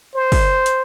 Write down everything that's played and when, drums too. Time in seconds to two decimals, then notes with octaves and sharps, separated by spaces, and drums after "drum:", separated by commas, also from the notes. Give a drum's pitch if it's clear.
0.15 C5
0.32 drum: kick, open hi-hat
0.66 drum: hi-hat